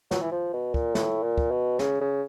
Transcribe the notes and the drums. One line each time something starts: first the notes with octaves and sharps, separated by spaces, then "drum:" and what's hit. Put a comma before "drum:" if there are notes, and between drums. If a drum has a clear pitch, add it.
F#3, drum: snare
E3
F3
B2
A#2, drum: kick
A2, drum: snare
A#2
drum: kick
B2
C#3, drum: snare
C#3